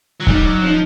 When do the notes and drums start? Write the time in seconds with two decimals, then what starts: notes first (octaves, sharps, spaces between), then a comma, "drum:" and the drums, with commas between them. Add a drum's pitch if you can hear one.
0.20 F#3
0.27 G3 D#4, drum: kick
0.45 F#3
0.62 F3 D#4